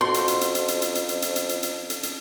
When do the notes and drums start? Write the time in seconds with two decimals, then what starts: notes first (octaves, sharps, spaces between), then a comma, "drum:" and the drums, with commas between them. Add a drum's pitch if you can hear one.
0.01 F2 F#4 C6
0.14 drum: hi-hat
0.28 drum: hi-hat
0.41 drum: hi-hat
0.55 drum: hi-hat
0.68 drum: hi-hat
0.82 drum: hi-hat
0.95 drum: hi-hat
1.09 drum: hi-hat
1.22 drum: hi-hat
1.36 drum: hi-hat
1.49 drum: hi-hat
1.63 drum: hi-hat
1.90 drum: hi-hat
2.03 drum: hi-hat